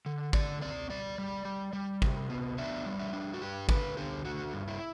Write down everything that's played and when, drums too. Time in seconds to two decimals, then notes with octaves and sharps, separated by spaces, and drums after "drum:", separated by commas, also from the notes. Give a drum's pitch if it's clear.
0.06 D3
0.33 D3 D5, drum: kick G#1
0.61 C4 D5
0.90 G3 D5
1.18 G3
1.45 G3
1.73 G3
2.02 C3, drum: kick G#1
2.30 B3
2.58 D4 E5
2.86 G3
2.99 E5
3.13 D4
3.34 F#4
3.41 G2 G4
3.69 D3 B4, drum: kick G#1
3.97 D3 G4
4.25 D3 F#4
4.53 G2
4.68 E4